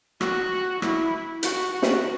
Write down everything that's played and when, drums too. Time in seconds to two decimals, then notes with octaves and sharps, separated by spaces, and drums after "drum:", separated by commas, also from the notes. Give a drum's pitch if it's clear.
0.21 F#4, drum: rim click
0.82 E4, drum: rim click
1.43 F#4, drum: hi-hat
1.73 F#4
1.82 drum: snare